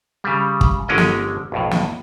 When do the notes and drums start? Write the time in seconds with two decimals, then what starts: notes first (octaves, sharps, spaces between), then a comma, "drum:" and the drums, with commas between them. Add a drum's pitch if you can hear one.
0.24 C#3 G3
0.61 drum: kick
0.88 G1 D3 G#3 C#4 A#4 D#5
0.98 drum: snare
1.52 B1 F2 A2
1.71 drum: snare